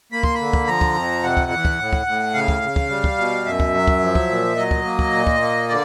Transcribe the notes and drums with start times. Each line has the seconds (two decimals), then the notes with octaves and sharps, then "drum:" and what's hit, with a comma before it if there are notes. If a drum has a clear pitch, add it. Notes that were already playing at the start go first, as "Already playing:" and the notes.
0.12 A#3 B5
0.23 C6, drum: kick
0.35 D3 B5
0.53 drum: kick
0.67 F3 A#5
0.81 drum: kick
0.95 F2
1.23 C3 F#5
1.37 drum: kick
1.51 E2
1.65 drum: kick
1.79 A2
1.93 drum: kick
2.07 A2
2.34 C#3 F5
2.48 drum: kick
2.62 C#3
2.76 drum: kick
2.89 G3
3.04 drum: kick
3.18 B2
3.46 F#2 E5
3.60 drum: kick
3.74 F#3
3.88 drum: kick
4.01 F3
4.15 drum: kick
4.29 A#2
4.57 F#3 D#5
4.71 drum: kick
4.85 A#3
4.99 drum: kick
5.13 A#2
5.27 drum: kick
5.40 A#3
5.69 D3 D5